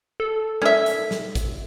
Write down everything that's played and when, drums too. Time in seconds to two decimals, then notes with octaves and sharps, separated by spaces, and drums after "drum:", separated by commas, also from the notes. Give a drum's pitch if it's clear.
0.20 A4
0.62 C#4 E5, drum: tom G#3
0.86 drum: hi-hat
1.11 drum: snare
1.35 drum: kick, hi-hat